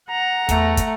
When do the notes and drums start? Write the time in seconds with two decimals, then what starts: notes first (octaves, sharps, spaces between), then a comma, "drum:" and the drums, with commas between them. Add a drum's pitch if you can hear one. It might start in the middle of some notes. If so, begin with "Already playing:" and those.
0.10 F#5 A#5
0.49 E2 A3, drum: kick, hi-hat
0.77 drum: kick, hi-hat